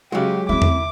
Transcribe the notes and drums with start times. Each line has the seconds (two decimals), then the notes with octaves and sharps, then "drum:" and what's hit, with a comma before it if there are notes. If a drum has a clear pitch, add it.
0.12 C#3 F#3 G#3 F#4 G4
0.49 A3 C4 E4 D6
0.62 drum: tom E2